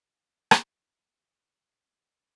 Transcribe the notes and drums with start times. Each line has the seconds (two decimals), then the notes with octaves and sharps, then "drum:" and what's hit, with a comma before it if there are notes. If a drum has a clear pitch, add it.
0.14 F3 G#3 D#4 G4 F5 G#5
0.51 drum: rim click
1.19 F5 G#5
2.14 C6